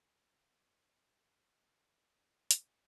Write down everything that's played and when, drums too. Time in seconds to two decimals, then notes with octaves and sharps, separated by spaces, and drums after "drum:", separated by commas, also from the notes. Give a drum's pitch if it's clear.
0.24 E4
1.63 D3 C4 C#4
2.51 drum: hi-hat